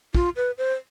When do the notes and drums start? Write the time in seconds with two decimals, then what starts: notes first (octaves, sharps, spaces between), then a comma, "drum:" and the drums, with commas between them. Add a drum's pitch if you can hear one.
0.14 F4, drum: kick
0.36 B4
0.58 C5